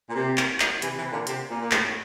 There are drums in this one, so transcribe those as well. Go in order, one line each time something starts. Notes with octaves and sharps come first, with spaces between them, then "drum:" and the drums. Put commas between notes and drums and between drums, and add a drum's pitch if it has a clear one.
A#2
C3
drum: clap
drum: clap
C3 E3, drum: hi-hat
C3 E3
A#2 D3
C3, drum: hi-hat
A#2
A#2
A2, drum: clap